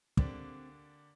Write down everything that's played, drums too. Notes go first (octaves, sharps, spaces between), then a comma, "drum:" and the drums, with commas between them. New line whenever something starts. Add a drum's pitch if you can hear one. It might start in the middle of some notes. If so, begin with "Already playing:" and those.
D3 A#3 C4 D4 G4 D5, drum: kick